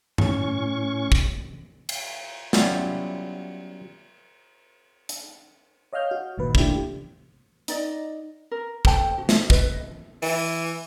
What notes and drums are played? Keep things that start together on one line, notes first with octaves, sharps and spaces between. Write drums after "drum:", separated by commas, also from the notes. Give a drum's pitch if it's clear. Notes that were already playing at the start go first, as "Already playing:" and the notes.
A2 C#4 C#6, drum: tom G2
drum: kick
drum: cymbal
F#3 G3 B3 C#4 E4 F4, drum: snare
drum: hi-hat
C#5 D#5 F5 F6 G6
F#4
G1 G2 A#2 D#3 B4
A3 A#3 D4 E4 F4 G4, drum: kick
D#4 D5 D#5, drum: hi-hat
A#4
A4 C5 G5 A5, drum: kick
F#4
drum: snare
B4 D#5, drum: kick
E3, drum: open hi-hat